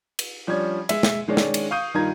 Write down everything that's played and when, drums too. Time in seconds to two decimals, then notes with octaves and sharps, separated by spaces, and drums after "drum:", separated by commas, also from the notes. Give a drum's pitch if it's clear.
0.19 drum: cymbal
0.47 F3 G3 C#4 D4 G#6
0.89 G#3 E5, drum: cymbal
1.03 drum: snare
1.28 D#3 G#3 C#4 D4
1.37 drum: snare
1.54 drum: cymbal
1.71 F5 C#6 D#6 G6 D#7
1.94 G2 D#3 D#4 F4 A#5 G#6